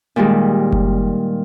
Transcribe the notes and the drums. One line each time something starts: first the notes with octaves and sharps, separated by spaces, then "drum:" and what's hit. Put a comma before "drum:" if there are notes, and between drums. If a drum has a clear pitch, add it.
A#2 D#3 G3 G#3
drum: kick F#1